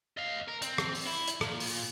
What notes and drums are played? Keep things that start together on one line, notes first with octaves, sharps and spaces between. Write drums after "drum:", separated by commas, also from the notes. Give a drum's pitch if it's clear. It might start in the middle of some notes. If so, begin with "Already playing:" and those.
D#5 F5
A#4
C4, drum: hi-hat
drum: rim click
drum: open hi-hat
E4
drum: hi-hat
A#2, drum: rim click
drum: open hi-hat